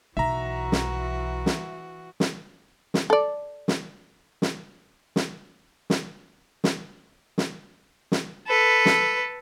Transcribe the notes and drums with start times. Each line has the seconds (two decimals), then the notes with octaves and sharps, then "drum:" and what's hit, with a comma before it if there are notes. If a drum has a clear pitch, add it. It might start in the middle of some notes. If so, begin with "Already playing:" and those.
0.17 B1 E3 F#4 E5 A#5
0.72 drum: snare
1.46 drum: snare
2.20 drum: snare
2.94 drum: snare
3.10 A4 D5
3.68 drum: snare
4.42 drum: snare
5.16 drum: snare
5.90 drum: snare
6.64 drum: snare
7.38 drum: snare
8.12 drum: snare
8.47 A4 B4
8.86 drum: snare